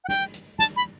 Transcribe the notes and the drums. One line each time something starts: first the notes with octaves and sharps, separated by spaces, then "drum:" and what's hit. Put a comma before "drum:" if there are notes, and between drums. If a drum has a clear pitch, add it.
F#5
G5, drum: snare
drum: hi-hat
A5, drum: snare
B5